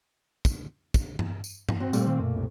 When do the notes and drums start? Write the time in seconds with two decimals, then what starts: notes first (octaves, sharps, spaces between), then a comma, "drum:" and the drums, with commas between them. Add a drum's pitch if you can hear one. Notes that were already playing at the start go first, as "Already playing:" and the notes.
0.45 drum: kick, tambourine
0.94 drum: kick, tambourine
1.19 drum: tom G2
1.44 drum: tambourine
1.69 drum: tom G2
1.80 C4 F#4
1.93 A#2 G3 A3 A#3, drum: tambourine
2.07 D#3
2.19 F#2 B2
2.35 C2